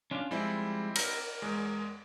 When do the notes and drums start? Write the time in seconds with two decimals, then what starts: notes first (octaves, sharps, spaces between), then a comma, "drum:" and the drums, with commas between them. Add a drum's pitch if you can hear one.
0.11 C#4 D4 F4
0.31 F3 G3 G#3 C4 E4 D5
0.96 A#4, drum: cymbal
1.42 E2 G#3